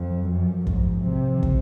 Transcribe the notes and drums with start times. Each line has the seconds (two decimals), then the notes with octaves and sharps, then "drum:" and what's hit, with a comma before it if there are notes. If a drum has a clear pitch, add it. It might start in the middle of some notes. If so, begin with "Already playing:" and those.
Already playing: F2
0.10 F3
0.20 F#3
0.29 F#2 F3
0.67 G#2 F3, drum: kick
1.04 C3 F3
1.35 D#3
1.43 C#3, drum: kick